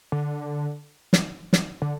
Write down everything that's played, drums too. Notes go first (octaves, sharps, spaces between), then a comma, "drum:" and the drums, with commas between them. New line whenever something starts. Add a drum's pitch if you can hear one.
D3
drum: snare
drum: snare
D3